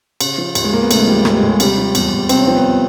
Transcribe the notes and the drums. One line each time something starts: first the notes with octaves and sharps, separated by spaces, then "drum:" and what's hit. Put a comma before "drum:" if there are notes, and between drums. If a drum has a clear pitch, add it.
C#3, drum: cymbal
F3
D#2, drum: cymbal
G#3
D#2 A#3
B3
C#3 A3, drum: cymbal
G#3
F3 G3
G#3
D#2 A3, drum: rim click
G#3
D#2
G#3
C3 G3, drum: cymbal
F3
E2 G3, drum: cymbal
E2
C3 C4, drum: cymbal
C#4
F3 C4
B3